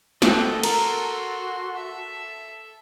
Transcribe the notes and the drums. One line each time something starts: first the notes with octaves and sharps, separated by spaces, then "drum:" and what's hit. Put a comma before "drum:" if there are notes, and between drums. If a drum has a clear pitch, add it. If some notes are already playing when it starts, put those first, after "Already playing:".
B2 C4 A4 D#5, drum: snare
F#4 A#4 C6, drum: cymbal
E5